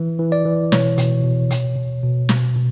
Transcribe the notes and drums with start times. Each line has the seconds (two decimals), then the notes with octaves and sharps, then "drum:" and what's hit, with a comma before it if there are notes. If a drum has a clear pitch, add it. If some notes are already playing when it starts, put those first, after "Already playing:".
Already playing: E3
0.19 E3
0.32 D5
0.45 E3
0.72 B2 C#5, drum: snare
0.98 B2, drum: hi-hat
1.24 B2
1.50 B2, drum: hi-hat
1.76 B2
2.03 B2
2.29 B2, drum: snare
2.56 B2